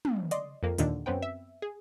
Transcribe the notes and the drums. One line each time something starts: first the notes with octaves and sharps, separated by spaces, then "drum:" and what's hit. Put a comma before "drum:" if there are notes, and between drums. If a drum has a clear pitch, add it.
drum: tom
D5 D#5 C6, drum: hi-hat
F2 A#3
D#2 A#2 D3 D#3, drum: hi-hat
F#2 B3 C4 B4 G5
E5
G#4